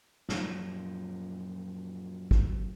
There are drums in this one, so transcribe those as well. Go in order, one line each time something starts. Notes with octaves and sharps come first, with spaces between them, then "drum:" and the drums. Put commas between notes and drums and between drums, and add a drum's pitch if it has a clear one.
F#2 A#2 F3, drum: snare
drum: kick